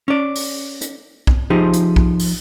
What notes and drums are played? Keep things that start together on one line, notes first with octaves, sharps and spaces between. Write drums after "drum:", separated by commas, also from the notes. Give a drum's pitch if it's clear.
C#4 D5
drum: open hi-hat
drum: hi-hat
drum: kick B1
F3 D#4 G4 G#4 C5
drum: hi-hat
drum: kick B1
drum: open hi-hat